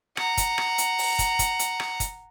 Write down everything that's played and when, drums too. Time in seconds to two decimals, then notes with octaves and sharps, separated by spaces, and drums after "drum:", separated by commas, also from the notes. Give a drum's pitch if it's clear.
0.17 F#5 A#5, drum: rim click
0.37 drum: kick, hi-hat
0.58 drum: rim click
0.78 drum: hi-hat
0.98 drum: open hi-hat
1.19 drum: kick, hi-hat
1.39 drum: kick, hi-hat
1.59 drum: hi-hat
1.80 drum: rim click
2.00 drum: kick, hi-hat